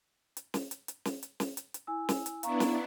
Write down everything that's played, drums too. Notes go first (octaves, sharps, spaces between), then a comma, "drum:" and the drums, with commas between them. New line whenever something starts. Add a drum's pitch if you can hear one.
drum: hi-hat
drum: snare
drum: hi-hat
drum: hi-hat
drum: snare
drum: hi-hat
drum: snare
drum: hi-hat
drum: hi-hat
E4 G#5 E6
drum: snare
drum: hi-hat
B3 D4 E4 F5 A#5 C#6, drum: hi-hat
drum: snare